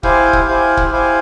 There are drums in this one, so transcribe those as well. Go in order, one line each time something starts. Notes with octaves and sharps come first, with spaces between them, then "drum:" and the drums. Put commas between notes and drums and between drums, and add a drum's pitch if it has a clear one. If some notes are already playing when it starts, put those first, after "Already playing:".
E4 G4 C5 F5 G#5, drum: kick
drum: kick
E4 G4 C5 F5 G#5
drum: kick
E4 G4 C5 F5 G#5